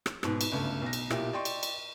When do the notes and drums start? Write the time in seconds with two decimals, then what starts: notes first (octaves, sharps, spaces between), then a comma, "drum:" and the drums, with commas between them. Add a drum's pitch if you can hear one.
0.06 drum: rim click
0.23 G#2 B2 B4, drum: rim click
0.41 drum: cymbal
0.52 G1 C#2 A3
0.82 B1 A#6
0.93 drum: cymbal
1.10 B1 A#2 E4 G4, drum: rim click
1.33 D5 D#5 G5 C6 C#6
1.45 drum: cymbal
1.63 drum: cymbal